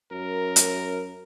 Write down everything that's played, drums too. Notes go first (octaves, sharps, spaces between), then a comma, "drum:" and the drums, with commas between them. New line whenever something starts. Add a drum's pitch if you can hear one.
F#2 A#4
drum: hi-hat